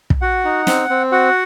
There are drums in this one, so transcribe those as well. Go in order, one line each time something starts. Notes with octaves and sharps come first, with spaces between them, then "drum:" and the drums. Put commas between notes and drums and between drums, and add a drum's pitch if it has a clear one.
drum: kick
F#4 F#5
D#4
C4, drum: snare
C4
F#4 F#5